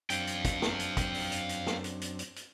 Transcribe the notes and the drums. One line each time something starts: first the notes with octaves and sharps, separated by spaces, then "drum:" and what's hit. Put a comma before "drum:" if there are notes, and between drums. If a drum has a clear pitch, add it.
F#2 C4 D4 F5 G5, drum: hi-hat
drum: hi-hat
drum: kick, hi-hat
drum: snare
drum: hi-hat
drum: kick, hi-hat
drum: open hi-hat
drum: hi-hat
drum: hi-hat
drum: snare
drum: hi-hat
drum: hi-hat
drum: hi-hat
drum: hi-hat